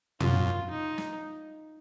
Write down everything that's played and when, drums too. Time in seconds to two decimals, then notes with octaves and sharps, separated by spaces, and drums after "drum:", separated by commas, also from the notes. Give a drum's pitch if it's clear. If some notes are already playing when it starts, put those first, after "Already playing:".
0.20 F#2 F4, drum: tom
0.70 D#4
0.98 drum: snare